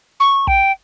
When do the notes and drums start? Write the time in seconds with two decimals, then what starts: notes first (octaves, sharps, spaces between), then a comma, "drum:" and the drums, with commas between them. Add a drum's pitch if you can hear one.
0.20 C#6
0.47 G5, drum: kick